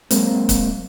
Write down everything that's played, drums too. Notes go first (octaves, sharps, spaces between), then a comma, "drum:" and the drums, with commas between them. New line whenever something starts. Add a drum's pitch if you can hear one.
F#3 G#3 A#3 C4, drum: hi-hat
drum: kick C#1, hi-hat